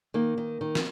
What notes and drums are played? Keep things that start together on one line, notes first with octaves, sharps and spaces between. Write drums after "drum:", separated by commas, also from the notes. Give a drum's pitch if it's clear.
D#3 A#3
D#3
D#3
drum: snare